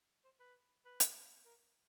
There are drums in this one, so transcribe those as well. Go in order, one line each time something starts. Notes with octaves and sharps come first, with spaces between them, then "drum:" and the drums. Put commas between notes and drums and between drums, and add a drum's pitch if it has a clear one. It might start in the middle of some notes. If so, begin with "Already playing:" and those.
C5
B4
B4
drum: hi-hat
A#4